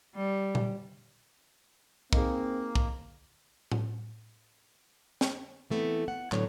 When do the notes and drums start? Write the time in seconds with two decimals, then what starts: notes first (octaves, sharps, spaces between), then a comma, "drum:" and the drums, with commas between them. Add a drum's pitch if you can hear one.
0.16 G3
0.55 drum: tom A#2
2.13 A#3 C4 D#4 G#4, drum: kick
2.75 drum: kick
3.72 drum: tom A2
5.21 drum: snare
5.70 E3 A3 B3 C4
6.08 F#5
6.32 A2 D3 F#3 B3 C#5, drum: clap